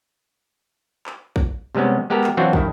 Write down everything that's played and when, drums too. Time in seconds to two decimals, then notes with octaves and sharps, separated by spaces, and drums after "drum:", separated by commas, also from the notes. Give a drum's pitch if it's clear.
1.06 drum: clap
1.36 drum: kick
1.75 C3 G3 G#3 B3 C#4
2.10 G#3 B3 G4 A4 A#4
2.24 drum: clap
2.37 E3 F#3 C4 D4 F4 F#4
2.53 G2 D#3 E4, drum: kick